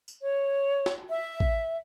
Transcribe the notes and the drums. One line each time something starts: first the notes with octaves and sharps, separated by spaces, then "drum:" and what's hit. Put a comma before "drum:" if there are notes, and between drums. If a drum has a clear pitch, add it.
drum: tambourine
C#5
drum: snare
E5
drum: kick